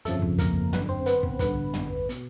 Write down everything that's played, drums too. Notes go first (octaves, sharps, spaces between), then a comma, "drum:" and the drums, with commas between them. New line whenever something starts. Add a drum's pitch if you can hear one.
G1 F2 C#3 F3 A3 A4, drum: hi-hat
drum: kick
A#3 A#4, drum: kick, hi-hat
G1 F#2 D3 B3 B4, drum: tom
C4 C5
B3 B4, drum: hi-hat
drum: kick
A1 G2 D3 B3 B4, drum: kick, hi-hat
drum: tom
B2, drum: hi-hat